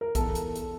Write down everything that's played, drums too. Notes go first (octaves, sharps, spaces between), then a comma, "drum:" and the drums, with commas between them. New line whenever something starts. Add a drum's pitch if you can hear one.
A#4
E2 A4, drum: kick, hi-hat
drum: hi-hat
drum: hi-hat